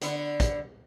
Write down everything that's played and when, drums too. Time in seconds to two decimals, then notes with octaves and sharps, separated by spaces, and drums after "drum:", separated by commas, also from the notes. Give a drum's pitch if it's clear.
0.01 D3 B3, drum: hi-hat
0.40 drum: kick, hi-hat